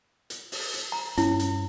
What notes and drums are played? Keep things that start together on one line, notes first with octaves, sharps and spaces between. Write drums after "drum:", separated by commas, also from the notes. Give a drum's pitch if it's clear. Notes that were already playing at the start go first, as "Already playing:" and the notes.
drum: hi-hat
drum: open hi-hat
drum: hi-hat
A#5
G2 C#4 E4, drum: hi-hat
drum: hi-hat